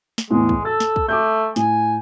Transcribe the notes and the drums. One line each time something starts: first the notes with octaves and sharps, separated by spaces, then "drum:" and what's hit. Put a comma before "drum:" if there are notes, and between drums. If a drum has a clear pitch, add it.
drum: snare
E2 A2 G#3
drum: kick
A4 E6 A6
drum: snare
drum: kick
A3 D6 G6
A2 G#5, drum: snare